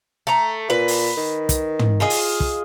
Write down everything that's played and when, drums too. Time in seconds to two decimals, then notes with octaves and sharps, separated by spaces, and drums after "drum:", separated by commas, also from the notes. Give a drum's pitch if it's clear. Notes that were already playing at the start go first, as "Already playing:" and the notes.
0.27 A3 A#5
0.70 A#2 B4
0.88 drum: open hi-hat
1.17 D#3
1.49 drum: kick, hi-hat
1.79 drum: tom
2.00 F4 G#4 D#5
2.10 drum: open hi-hat
2.40 drum: kick